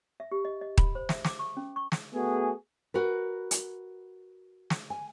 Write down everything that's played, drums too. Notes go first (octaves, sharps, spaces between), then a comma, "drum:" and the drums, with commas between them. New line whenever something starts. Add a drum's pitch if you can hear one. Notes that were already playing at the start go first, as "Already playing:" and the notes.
E5
G4
D#5
D#5
B5, drum: kick D#1
C5
E5, drum: snare
D6, drum: snare
C#6
C#4
C#6
drum: snare
A3 B3 F#4 G#4
F#4 A#4 B4
drum: hi-hat
drum: snare
G#5